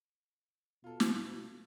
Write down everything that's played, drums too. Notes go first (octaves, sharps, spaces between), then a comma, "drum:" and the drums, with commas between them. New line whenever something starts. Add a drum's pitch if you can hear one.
B2 F4 A4
drum: snare